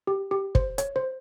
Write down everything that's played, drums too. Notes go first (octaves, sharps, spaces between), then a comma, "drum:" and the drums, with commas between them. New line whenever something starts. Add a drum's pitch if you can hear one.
G4
G4
C5, drum: kick
C#5, drum: hi-hat
C5